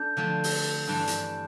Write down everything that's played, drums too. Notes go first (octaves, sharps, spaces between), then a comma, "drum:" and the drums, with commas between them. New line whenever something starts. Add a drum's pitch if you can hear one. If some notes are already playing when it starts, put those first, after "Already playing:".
Already playing: D4 A4 G6
D3 F3 A3 C4
drum: open hi-hat
G2 E3 G3 D4
drum: hi-hat